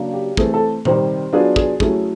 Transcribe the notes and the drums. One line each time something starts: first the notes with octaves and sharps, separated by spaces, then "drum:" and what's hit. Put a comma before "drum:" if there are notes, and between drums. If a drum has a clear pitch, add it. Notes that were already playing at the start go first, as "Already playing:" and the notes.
Already playing: C#3 F#3 A#3 D4
G4
E3 A3 C4 G#4, drum: kick
A4
C3 D#3 G3 C4 C5, drum: tom A#2
F#3 B3 D4 F4 G#4
G#4, drum: kick
F#3 A3 C#4 E4 G#4, drum: kick